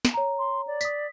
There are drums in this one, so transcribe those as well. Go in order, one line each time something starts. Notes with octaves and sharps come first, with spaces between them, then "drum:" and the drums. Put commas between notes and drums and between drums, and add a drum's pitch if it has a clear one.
drum: snare
C#5 A#5
C6
D5
D#6 B6, drum: tambourine